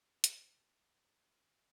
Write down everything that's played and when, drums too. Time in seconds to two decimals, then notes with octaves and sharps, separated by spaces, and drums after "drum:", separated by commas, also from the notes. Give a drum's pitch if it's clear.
0.24 G1 G2 B2 C4 C5, drum: hi-hat
1.02 F#2 D#3 A4 D#5 E5